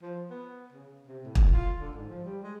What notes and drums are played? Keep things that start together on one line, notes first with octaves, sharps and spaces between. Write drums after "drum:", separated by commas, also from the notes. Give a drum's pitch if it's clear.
F3
B3
C#3
C3
A2
drum: kick
F4
D3
G#2
F3
G3
G#3